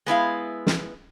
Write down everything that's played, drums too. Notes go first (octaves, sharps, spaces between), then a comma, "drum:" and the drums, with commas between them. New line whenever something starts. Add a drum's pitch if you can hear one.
G#3 B3 E4 F5
drum: snare